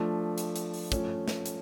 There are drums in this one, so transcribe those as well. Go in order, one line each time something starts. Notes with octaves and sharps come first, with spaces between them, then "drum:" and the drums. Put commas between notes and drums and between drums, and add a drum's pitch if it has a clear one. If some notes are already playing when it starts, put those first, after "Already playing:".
Already playing: F3 A3 D4
drum: hi-hat
drum: hi-hat
drum: open hi-hat
F3 A3 C#4, drum: kick, hi-hat
drum: snare
drum: hi-hat